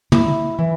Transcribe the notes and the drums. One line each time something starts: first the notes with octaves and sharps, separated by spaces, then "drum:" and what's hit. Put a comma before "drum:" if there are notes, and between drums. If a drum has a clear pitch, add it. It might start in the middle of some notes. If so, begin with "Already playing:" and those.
E4, drum: tom
E3